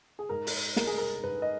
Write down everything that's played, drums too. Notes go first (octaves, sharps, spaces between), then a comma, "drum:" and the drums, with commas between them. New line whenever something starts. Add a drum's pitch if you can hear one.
G#4
G#2 A#4
drum: open hi-hat
G#3 A#4, drum: snare
G#4
A#4
G#2 B4
D#5